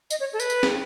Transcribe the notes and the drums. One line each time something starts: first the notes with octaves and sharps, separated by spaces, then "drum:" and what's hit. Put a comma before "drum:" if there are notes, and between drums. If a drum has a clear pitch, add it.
D#5, drum: tambourine
C#5
A4
B4, drum: tambourine
drum: tambourine
drum: snare